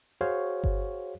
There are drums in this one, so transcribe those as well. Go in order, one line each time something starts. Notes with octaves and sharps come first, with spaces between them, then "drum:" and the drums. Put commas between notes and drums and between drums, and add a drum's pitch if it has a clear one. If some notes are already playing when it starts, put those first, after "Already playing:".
F#4 G#4 C5 C#5 F5
drum: kick G1